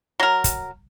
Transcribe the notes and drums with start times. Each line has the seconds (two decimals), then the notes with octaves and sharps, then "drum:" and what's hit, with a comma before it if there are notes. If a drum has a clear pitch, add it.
0.20 F#3 A#4
0.44 drum: kick, hi-hat